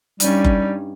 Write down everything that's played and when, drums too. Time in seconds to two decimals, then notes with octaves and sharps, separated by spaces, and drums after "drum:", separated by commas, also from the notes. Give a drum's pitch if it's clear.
0.20 G2 G3 C#4 D#4, drum: hi-hat
0.45 drum: kick F#1